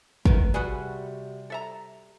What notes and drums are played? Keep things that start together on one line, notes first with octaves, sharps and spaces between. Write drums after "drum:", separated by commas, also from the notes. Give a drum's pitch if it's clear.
D#3 A3 B3 A#4, drum: kick
C3 G3 F#4 G#4 B4 F#5
A4 E5 A#5